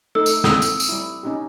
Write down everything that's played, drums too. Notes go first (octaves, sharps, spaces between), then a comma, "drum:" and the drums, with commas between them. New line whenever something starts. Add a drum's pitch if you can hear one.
A3 D#4 A4 E6
drum: tambourine
C4 D#6 E6, drum: snare
drum: tambourine
drum: tambourine
G3 E4
C#4 D#4 G4